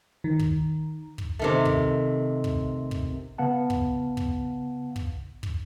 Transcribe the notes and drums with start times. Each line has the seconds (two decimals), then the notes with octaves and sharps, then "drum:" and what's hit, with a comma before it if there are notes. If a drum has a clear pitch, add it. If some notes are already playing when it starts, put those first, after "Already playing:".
0.24 D#3
0.39 drum: kick
1.18 drum: kick
1.39 C3 D#3 A3
1.65 drum: kick
2.44 drum: kick
2.91 drum: kick
3.38 C#3 B3 F5 F#5 A5
3.70 drum: kick
4.17 drum: kick
4.96 drum: kick
5.43 drum: kick